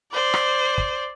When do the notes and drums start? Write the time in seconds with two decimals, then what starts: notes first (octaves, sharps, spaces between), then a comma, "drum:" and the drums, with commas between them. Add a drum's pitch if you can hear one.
0.12 C5 D5
0.34 drum: rim click
0.78 drum: kick